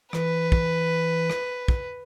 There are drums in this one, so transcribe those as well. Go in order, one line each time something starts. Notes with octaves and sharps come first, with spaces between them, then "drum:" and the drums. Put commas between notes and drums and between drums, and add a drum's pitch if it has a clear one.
E3 B4, drum: rim click
drum: kick
drum: rim click
drum: kick